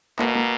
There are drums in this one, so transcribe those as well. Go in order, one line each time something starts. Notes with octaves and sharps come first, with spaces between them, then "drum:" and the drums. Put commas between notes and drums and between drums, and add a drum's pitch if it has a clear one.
B2 A#3, drum: clap
A#3